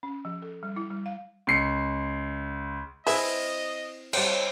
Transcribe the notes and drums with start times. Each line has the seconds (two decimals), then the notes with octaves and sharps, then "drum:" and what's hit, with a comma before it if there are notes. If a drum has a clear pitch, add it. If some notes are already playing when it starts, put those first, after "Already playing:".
0.03 C#4
0.25 F3
0.42 A4
0.63 G3
0.76 E4
0.90 G3
1.06 F5
1.47 C#2 C7 C#7
3.07 C4 E4 G#4 B4 D#5 E5, drum: open hi-hat
4.13 G3 C5 C#5, drum: cymbal